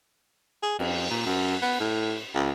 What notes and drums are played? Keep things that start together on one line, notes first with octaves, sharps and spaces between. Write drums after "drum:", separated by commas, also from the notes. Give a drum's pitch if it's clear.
G#4
F2, drum: cymbal
A#2
F#2
B3
A2
C#2